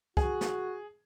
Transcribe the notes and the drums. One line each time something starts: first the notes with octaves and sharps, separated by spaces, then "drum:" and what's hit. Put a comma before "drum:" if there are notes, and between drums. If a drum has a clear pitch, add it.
F#4 G#4, drum: kick
drum: snare